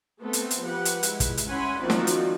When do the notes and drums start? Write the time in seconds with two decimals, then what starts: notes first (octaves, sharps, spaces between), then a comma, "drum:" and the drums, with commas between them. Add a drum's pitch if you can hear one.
0.20 A3 B3 C4 A4
0.33 drum: hi-hat
0.51 drum: hi-hat
0.64 F3 G4 B4 F#5
0.85 drum: hi-hat
1.03 G#3 E4, drum: hi-hat
1.20 drum: kick, hi-hat
1.37 drum: hi-hat
1.47 C#4 E4 F#5 G#5 B5 C6
1.80 D#3 F3 A#3 C4 F#4 D5
1.90 drum: snare
2.07 drum: hi-hat